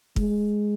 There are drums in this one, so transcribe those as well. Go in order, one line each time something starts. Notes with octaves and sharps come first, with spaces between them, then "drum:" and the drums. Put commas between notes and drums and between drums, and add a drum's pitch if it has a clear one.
G#3, drum: kick